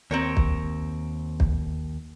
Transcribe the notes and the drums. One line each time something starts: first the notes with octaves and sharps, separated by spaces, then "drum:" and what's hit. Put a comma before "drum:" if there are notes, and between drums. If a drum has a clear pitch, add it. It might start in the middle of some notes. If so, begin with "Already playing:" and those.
D#2 C4 A#4 C#5
drum: kick
drum: kick